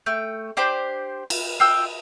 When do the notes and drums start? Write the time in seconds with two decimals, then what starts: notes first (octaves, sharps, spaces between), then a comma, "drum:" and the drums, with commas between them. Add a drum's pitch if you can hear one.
0.06 A3 G5
0.57 D4 G4 C5
1.30 drum: cymbal
1.60 F4 G5 E6